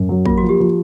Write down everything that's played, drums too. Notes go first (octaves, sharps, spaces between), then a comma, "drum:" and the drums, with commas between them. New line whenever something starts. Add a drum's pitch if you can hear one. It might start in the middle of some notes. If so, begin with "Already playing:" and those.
Already playing: F#2
F#3
A#3 F4, drum: kick
F#4
F3
G4
F3